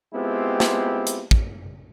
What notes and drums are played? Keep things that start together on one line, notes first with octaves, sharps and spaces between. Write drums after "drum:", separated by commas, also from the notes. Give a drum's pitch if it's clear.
G#3 B3 C4 E4 F4 G4
drum: snare
drum: hi-hat
drum: kick